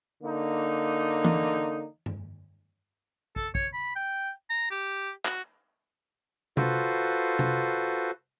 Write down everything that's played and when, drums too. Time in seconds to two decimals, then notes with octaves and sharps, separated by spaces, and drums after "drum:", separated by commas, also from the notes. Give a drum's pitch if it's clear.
0.22 D3 A#3 D#4
1.24 drum: tom E3
2.06 drum: tom G2
3.36 A4, drum: kick
3.55 C#5, drum: kick
3.74 B5
3.96 G5
4.50 A#5
4.71 G4
5.25 F#4, drum: clap
6.57 F4 F#4 A4 B4 C5, drum: tom C3
7.39 drum: tom C3